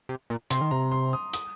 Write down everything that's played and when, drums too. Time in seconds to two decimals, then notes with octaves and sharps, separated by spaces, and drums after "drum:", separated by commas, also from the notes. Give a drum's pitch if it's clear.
0.09 C3
0.30 A#2
0.50 C3 C6, drum: hi-hat
0.61 D#3
0.71 C3 A#5
0.92 C6
1.13 D#6
1.33 D#6, drum: hi-hat